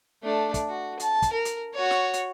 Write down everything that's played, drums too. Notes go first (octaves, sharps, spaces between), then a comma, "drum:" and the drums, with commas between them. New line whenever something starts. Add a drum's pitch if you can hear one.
A3 D4
drum: kick, hi-hat
F#4
A5, drum: hi-hat
drum: kick, hi-hat
A#4
drum: hi-hat
F#4 C#5
drum: snare
drum: hi-hat